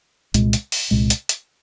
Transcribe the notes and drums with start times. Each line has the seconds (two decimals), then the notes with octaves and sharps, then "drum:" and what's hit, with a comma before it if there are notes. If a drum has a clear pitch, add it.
0.34 C2 A#2 G#3, drum: hi-hat
0.53 drum: hi-hat
0.72 drum: open hi-hat
0.91 C2 A#2 G#3
1.10 drum: hi-hat
1.29 drum: hi-hat